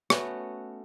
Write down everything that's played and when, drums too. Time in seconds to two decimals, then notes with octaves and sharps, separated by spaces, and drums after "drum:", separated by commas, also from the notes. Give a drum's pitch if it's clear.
0.10 A3 B3 C#4 F#4, drum: rim click